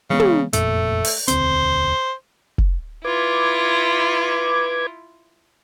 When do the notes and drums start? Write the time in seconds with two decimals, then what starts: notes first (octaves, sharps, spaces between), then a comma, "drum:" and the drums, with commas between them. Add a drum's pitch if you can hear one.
0.10 C#3 E3 G#3 B3
0.20 drum: tom
0.53 F#1 F2 A#2 A3, drum: hi-hat
1.05 drum: open hi-hat
1.28 E1 D2 C4 C5, drum: hi-hat
2.58 drum: kick
3.05 E4 F4 B4 D6 G#6